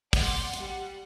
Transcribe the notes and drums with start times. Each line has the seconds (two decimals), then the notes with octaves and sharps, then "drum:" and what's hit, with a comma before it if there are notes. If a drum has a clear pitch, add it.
0.13 D5 F#5 C6 G6 A6, drum: kick, open hi-hat
0.53 G3 F#5, drum: hi-hat